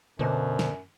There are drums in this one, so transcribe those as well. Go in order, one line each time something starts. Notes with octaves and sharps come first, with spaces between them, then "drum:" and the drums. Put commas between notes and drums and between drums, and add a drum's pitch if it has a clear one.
F#2 B2 D3 C5
drum: snare